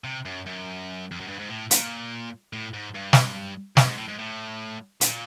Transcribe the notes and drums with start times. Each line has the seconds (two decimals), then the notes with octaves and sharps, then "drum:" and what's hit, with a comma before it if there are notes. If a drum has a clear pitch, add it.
0.04 C3
0.26 F#2
0.46 F#2
1.11 F2
1.20 F#2
1.28 G2
1.39 G#2
1.50 A2
1.71 A#2, drum: hi-hat
2.53 A2
2.74 G#2
2.95 G2
3.13 drum: snare
3.77 G2, drum: snare
3.88 G#2
3.98 A2
4.08 G#2
4.19 A2
5.01 A#2, drum: hi-hat